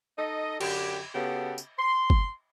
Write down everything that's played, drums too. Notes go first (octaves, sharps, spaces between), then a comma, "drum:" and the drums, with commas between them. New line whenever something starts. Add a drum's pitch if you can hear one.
D#4 A4 D#5
F#2 D3 G4, drum: cymbal
C#3 B3 F#4 G4 A4
drum: tambourine
C6
drum: kick